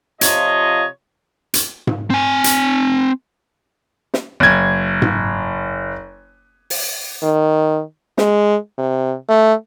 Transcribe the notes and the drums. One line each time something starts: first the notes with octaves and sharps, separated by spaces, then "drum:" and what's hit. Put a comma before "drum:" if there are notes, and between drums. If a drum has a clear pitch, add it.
C3 F3 F4 C#5 D#5, drum: hi-hat
drum: hi-hat
drum: tom G#2
C4 G#5
drum: hi-hat
drum: snare
F#1 G#6
drum: tom G#2
drum: open hi-hat
D#3
G#3, drum: snare
C3
A3